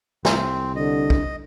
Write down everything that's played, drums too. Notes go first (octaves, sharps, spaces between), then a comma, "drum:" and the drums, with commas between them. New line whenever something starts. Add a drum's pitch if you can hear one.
C2 C4, drum: snare
D3 D4 D#5
drum: kick